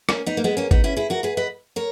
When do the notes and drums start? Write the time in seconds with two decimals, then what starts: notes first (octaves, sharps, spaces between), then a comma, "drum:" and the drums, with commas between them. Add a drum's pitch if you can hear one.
0.09 A#3 C#4, drum: rim click
0.26 B3 D#4
0.37 A#3
0.44 G#3 B3
0.57 A#3 C#4
0.71 B3 D#4, drum: kick
0.84 C#4 E4
0.97 E4 G#4
1.10 F#4 A#4
1.23 G#4 B4
1.37 B4 D#5
1.76 A#4 C#5